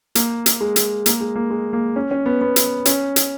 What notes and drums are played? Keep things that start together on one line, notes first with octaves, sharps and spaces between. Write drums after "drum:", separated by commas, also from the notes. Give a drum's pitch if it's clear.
A#3, drum: hi-hat
drum: hi-hat
G#3
drum: hi-hat
A#3, drum: hi-hat
G#3
A#3
G#3
A#3
C#4
C#4
B3
B3
drum: hi-hat
C#4, drum: hi-hat
drum: hi-hat